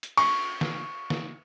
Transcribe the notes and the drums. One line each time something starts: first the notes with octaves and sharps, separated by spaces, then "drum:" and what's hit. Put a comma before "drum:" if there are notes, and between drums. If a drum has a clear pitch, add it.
drum: hi-hat
C#6, drum: cymbal
drum: snare
drum: snare